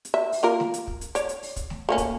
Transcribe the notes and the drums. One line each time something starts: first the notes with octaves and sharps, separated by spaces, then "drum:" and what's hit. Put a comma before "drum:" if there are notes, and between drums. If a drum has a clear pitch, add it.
drum: hi-hat
E5
drum: open hi-hat
A#3 F4 A#4
drum: snare A3
drum: hi-hat
drum: kick
drum: hi-hat
C#5 D5, drum: hi-hat
drum: hi-hat
drum: open hi-hat
drum: kick, hi-hat
drum: snare A3
A3 A#3 C#4
drum: kick, hi-hat